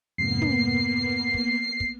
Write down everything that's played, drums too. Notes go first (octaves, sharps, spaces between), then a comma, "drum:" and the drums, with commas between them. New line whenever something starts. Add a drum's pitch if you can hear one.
F2 G#2 C3 A#3 B3 C7
drum: tom
drum: kick
drum: kick